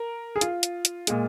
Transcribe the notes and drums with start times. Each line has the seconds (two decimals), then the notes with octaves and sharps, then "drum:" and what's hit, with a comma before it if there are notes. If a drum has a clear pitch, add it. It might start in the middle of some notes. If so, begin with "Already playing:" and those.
Already playing: A#4
0.36 G#4
0.41 F4, drum: hi-hat
0.63 drum: hi-hat
0.85 drum: hi-hat
1.07 A#2 G#3, drum: hi-hat